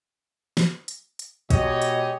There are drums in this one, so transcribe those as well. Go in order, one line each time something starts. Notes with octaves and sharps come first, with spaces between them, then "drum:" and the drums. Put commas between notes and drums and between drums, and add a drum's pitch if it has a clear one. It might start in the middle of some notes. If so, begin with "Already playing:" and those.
drum: snare
drum: hi-hat
drum: hi-hat
B2 G#3 G4 C#5 D#5, drum: kick, hi-hat
drum: hi-hat